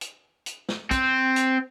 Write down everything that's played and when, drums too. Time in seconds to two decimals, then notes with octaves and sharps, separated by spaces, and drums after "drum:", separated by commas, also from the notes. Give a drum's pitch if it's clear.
0.01 drum: hi-hat
0.46 drum: hi-hat
0.69 drum: snare
0.91 C4, drum: kick, hi-hat
1.36 drum: hi-hat